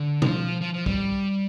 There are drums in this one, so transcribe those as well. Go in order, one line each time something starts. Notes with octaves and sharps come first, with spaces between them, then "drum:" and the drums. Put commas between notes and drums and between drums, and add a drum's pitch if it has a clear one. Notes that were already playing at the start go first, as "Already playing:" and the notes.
Already playing: D3
F3, drum: tom B2
F3
F3
G3, drum: kick